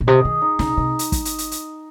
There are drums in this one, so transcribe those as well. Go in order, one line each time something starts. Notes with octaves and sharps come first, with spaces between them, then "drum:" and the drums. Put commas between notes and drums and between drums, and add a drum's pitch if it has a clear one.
A#2
C3 D#5
D#3 G#4
D#4
C#3 D#4, drum: snare
C3 D#5
drum: hi-hat
drum: kick, hi-hat
drum: hi-hat
drum: hi-hat
drum: hi-hat